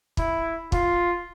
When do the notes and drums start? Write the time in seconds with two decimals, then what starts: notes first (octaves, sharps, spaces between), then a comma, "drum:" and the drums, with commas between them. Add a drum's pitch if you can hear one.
0.17 E4, drum: kick
0.72 F4, drum: kick